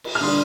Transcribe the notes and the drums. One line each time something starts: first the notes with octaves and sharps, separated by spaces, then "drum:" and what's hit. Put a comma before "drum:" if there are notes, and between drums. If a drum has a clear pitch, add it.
drum: cymbal
F6
D3 G3 D4 C6 D#6